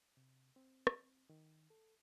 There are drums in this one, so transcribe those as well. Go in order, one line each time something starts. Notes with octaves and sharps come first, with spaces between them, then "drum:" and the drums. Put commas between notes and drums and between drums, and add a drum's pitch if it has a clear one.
C3
C4
drum: rim click
D#3
A4